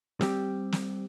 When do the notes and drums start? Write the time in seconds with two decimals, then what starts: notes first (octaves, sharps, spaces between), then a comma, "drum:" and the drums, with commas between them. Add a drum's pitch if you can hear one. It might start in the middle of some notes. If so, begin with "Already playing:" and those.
0.21 G3 C4 G4, drum: snare
0.72 drum: snare